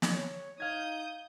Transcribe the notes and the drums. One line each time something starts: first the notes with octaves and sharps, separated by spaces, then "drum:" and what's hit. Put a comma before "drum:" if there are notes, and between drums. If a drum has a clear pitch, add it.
drum: snare
C#5
D#4 F5 D#6 G6 G#6